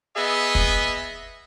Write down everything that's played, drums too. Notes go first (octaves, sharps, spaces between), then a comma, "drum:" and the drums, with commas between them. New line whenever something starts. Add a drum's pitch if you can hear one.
B3 G#4 D#5 E5
drum: kick